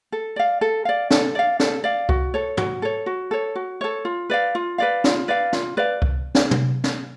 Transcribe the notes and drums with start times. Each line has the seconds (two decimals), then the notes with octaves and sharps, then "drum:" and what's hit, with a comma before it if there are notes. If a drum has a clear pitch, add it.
0.12 A4
0.36 D5 F5
0.61 A4
0.85 D5 F5
1.11 A4, drum: snare
1.35 D5 F5
1.60 A4, drum: snare
1.84 D5 F5
2.09 F#4, drum: kick C2
2.34 A4 C#5
2.57 F#4, drum: tom
2.82 A4 C#5
3.06 F#4
3.31 A4 C#5
3.56 F#4
3.81 A4 C#5
4.05 F4
4.30 B4 D5 F5
4.55 F4
4.78 B4 D5 F5
5.04 F4, drum: snare
5.28 B4 D5 F5
5.53 F4, drum: snare
5.77 B4 D5 F5
6.02 drum: kick C2
6.35 drum: snare
6.51 drum: tom
6.84 drum: snare